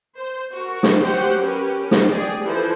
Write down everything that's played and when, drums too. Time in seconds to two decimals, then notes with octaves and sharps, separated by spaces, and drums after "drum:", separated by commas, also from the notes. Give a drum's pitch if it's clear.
0.17 C5
0.54 F#4 A#4
0.83 drum: snare
0.99 F#3 C#4 G4 C5 F#5
1.40 C#4 G4 A#4 B4
1.91 drum: snare
2.09 G4 G#4 D5
2.44 E3 F3 A4 B4 C5